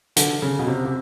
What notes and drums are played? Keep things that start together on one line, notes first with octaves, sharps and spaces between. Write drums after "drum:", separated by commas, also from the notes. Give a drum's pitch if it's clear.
D3, drum: hi-hat
C#3
B2
C3
C3